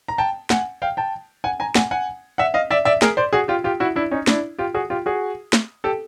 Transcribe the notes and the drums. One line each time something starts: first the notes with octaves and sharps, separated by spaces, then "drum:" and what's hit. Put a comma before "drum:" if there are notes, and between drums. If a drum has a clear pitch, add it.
A#5
G5 A5
F#5 G#5, drum: snare
F5 G5
G5 A5
F#5 G#5
G#5 A#5
F#5 G#5, drum: snare
F#5 G#5
E5 F#5
D#5 F5
D5 E5
D5 E5
G#4 A#4, drum: snare
C5 D5
F#4 G#4
F4 G4
F4 G4
E4 F#4
D4 E4
C#4 D#4
D4 E4, drum: snare
F4 G4
F#4 G#4
F4 G4
F#4 G#4
drum: snare
G4 A4